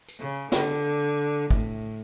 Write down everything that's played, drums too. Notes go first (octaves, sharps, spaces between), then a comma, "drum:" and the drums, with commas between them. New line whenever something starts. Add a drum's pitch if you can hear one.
drum: tambourine
C#3
D3, drum: snare
A2, drum: kick